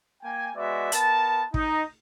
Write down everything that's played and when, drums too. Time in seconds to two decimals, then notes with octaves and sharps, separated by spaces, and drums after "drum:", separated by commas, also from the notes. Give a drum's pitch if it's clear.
0.22 A#3 G5 G#5
0.55 G#3 B3 F#4 D5 E5
0.92 B3 A#4 A5, drum: hi-hat
1.54 D#4, drum: kick